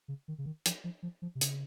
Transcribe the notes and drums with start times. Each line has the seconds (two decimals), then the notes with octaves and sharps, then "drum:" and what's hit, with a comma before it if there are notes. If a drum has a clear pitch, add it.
0.08 C#3
0.28 D#3
0.38 C#3
0.46 D#3
0.66 F3, drum: hi-hat
0.84 F3
1.03 F3
1.22 F3
1.35 C3
1.41 C#3, drum: hi-hat